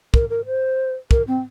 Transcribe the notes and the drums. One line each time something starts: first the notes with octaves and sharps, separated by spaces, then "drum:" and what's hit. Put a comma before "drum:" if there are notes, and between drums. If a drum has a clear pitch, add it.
A#4, drum: kick
A#4
C5
A#4, drum: kick
C4